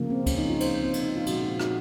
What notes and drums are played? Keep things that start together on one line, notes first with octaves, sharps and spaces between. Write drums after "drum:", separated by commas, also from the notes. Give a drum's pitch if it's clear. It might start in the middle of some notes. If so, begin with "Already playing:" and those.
Already playing: C#3 F3 A#3
C4
C#4, drum: kick C#2, cymbal
D#4
F4
C5, drum: cymbal
C4
C4, drum: cymbal
D#4
F4
A#2 F3 G#3 F#4, drum: cymbal
D#4
F#4, drum: rim click